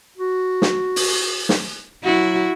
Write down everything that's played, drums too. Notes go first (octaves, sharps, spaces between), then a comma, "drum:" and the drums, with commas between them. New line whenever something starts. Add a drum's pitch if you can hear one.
F#4
drum: snare
drum: open hi-hat
drum: snare
F#3 E4 F#4